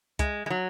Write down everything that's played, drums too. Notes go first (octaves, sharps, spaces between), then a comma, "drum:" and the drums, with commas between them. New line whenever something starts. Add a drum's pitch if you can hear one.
G#3, drum: kick, hi-hat
G#3
F#3